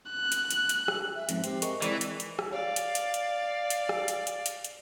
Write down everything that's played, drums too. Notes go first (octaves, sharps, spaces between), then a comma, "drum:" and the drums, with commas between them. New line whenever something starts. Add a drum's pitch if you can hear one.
F#6
drum: hi-hat
drum: hi-hat
drum: hi-hat
drum: rim click
E5
F2 G#2, drum: hi-hat
C4 G4, drum: hi-hat
G#4 A#4 D#5 C#6, drum: hi-hat
E3 G#3 D5, drum: hi-hat
drum: hi-hat
drum: hi-hat
drum: rim click
D5 F5
drum: hi-hat
drum: hi-hat
drum: hi-hat
drum: hi-hat
drum: rim click
drum: hi-hat
drum: hi-hat
drum: hi-hat
drum: hi-hat